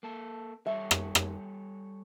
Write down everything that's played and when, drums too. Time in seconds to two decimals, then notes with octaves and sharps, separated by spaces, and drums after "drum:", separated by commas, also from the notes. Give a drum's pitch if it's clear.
0.03 A#3 A4
0.67 G3 A4 C#5 E5
0.91 drum: rim click
1.15 drum: rim click